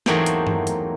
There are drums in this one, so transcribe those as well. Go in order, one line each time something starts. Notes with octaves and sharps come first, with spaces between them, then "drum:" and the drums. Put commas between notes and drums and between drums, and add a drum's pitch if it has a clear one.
E2 G#2 F#3 A3 A#3 C4, drum: snare
drum: hi-hat
drum: tom G2
drum: hi-hat